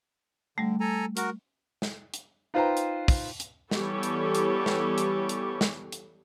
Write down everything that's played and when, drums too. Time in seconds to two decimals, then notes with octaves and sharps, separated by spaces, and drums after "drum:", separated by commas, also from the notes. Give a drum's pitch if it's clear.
0.58 D3 G3 A3
0.80 A4 G#5 A#5
1.17 F#4 A#4, drum: hi-hat
1.82 drum: snare
2.14 drum: hi-hat
2.54 D#4 F4 B4 C5 G5 A#5
2.77 drum: hi-hat
3.08 drum: kick, open hi-hat
3.40 drum: hi-hat
3.71 E3 G3 B3 G4 A4 C#5, drum: snare
4.03 drum: hi-hat
4.35 drum: hi-hat
4.66 drum: snare
4.98 drum: hi-hat
5.29 drum: hi-hat
5.61 drum: snare
5.92 drum: hi-hat